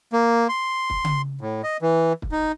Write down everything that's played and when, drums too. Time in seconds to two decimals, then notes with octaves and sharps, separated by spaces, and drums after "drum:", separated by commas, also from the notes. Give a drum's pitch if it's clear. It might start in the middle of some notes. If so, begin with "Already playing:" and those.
0.13 A#3
0.49 C6
0.90 drum: kick
1.04 drum: tom C#3
1.41 A2
1.63 D#5
1.82 E3
2.22 drum: kick
2.32 D#4